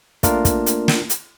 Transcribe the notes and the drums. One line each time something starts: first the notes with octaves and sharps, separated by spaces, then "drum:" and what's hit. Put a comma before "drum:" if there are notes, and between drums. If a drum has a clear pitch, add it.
A3 A#3 D4 F4 A#4, drum: kick, hi-hat
drum: kick, hi-hat
drum: hi-hat
drum: snare
drum: hi-hat